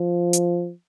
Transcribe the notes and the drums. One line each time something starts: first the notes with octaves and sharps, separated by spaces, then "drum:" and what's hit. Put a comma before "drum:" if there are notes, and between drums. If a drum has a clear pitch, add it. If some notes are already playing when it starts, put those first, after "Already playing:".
Already playing: F3
drum: hi-hat